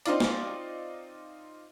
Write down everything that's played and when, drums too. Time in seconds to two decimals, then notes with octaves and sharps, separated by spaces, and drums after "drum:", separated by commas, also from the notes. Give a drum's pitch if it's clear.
0.06 C4 D#4 F4 D5, drum: hi-hat
0.20 drum: snare